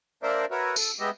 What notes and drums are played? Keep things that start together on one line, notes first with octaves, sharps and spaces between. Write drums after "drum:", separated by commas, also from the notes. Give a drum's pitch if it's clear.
A#3 D4 A#4 C5 D5 E5
F#4 A#4 B4 C#5 E5
A4, drum: tambourine
G#3 B3 G4 D#5 E5